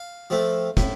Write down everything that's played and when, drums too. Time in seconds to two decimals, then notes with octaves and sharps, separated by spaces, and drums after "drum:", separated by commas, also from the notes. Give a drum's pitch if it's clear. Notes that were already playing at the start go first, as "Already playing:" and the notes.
Already playing: F5
0.30 F3 A3 C4
0.77 A2, drum: kick, hi-hat